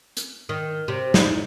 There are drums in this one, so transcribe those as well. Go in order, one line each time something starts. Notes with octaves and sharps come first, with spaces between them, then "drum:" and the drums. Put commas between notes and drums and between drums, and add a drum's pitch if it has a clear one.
drum: hi-hat
D#3
C3
D#4 E4, drum: snare